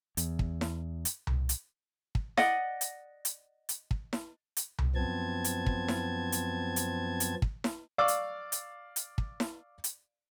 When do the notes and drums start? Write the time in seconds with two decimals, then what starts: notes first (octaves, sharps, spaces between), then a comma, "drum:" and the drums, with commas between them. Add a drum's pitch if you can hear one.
0.17 E2, drum: hi-hat
0.39 drum: kick
0.61 drum: snare E4
1.05 drum: hi-hat
1.27 drum: tom C2
1.49 drum: hi-hat
2.15 drum: kick
2.37 D5 D#5 F#5, drum: snare E4
2.81 drum: hi-hat
3.25 drum: hi-hat
3.69 drum: hi-hat
3.91 drum: kick
4.13 drum: snare E4
4.57 drum: hi-hat
4.79 drum: tom C2
4.95 F#2 F3 B3 C4 A5 G#6
5.44 drum: hi-hat
5.66 drum: kick
5.88 drum: snare E4
6.32 drum: hi-hat
6.76 drum: hi-hat
7.20 drum: hi-hat
7.42 drum: kick
7.64 drum: snare E4
7.98 D5 F5 C#6 D6 E6
8.08 drum: hi-hat
8.52 drum: hi-hat
8.96 drum: hi-hat
9.18 drum: kick
9.40 drum: snare E4
9.84 drum: hi-hat